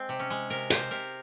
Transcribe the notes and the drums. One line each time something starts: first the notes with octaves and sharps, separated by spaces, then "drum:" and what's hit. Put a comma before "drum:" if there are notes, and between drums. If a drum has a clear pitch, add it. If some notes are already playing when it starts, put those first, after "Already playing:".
Already playing: G#3 C4
C3
C#4
G#3
C3 A#4
C3 C5, drum: hi-hat
C3 A#4